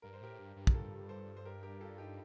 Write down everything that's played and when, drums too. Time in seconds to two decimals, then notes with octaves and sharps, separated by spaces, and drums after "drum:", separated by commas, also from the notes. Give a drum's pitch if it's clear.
0.02 G2 A#4
0.13 C5
0.21 A2 G4 A#4
0.39 G2
0.56 G2
0.67 A#4, drum: kick
0.74 F4 A4
1.09 A4 C5
1.37 C5
1.45 G4 A#4
1.63 G4 A#4
1.81 F4 A4
1.98 D#4 G4